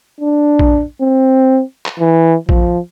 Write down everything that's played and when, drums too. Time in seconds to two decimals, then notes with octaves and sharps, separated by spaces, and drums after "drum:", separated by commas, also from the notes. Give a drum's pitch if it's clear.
0.21 D4
0.59 drum: kick
1.01 C4
1.86 drum: clap
2.00 E3
2.49 F3, drum: kick